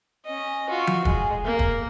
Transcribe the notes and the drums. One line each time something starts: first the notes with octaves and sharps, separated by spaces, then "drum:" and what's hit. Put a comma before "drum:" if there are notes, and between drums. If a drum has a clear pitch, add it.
C#4 D#5
F4 F#4
drum: tom F3
G#3, drum: kick
A#3
drum: kick